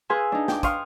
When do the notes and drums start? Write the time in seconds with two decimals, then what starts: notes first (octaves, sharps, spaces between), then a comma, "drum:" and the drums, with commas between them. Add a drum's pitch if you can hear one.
0.10 G#4 B4 F5 G#5 C6 E6
0.32 D4 D#4
0.48 G5 D6, drum: snare
0.63 F5 C6 C#6 D#6, drum: kick, hi-hat